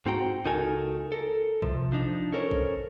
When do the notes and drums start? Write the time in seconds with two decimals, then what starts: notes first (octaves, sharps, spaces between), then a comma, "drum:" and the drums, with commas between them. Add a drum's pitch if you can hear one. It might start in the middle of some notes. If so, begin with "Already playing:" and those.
0.06 G#2 C4 D#4 F#4 G5 A#5
0.45 C#2 D#4 F#4 A4 A#4 G#5
1.12 A4 A#4
1.62 C3 F3, drum: kick A#1
1.92 F3 D4 D#4
2.32 C#4 A4 A#4 C5 C#5
2.51 drum: kick A#1